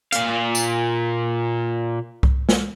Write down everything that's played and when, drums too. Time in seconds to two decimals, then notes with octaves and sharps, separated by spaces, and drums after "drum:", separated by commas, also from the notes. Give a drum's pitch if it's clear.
0.12 A#2 F5, drum: hi-hat
0.55 drum: tambourine
2.23 drum: kick C2
2.49 drum: snare